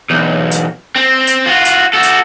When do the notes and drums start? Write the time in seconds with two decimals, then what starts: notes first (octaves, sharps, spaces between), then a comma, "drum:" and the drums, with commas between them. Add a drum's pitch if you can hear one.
0.10 B1 E2
0.51 drum: hi-hat
0.96 C4
1.27 drum: hi-hat
1.46 F4 F#4
1.65 drum: hi-hat
1.94 F#4 A4
2.03 drum: hi-hat